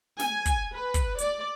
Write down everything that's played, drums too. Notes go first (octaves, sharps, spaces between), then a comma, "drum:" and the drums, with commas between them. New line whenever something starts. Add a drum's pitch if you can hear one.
G#5, drum: snare
drum: kick, hi-hat
B4
drum: kick, hi-hat
D5, drum: hi-hat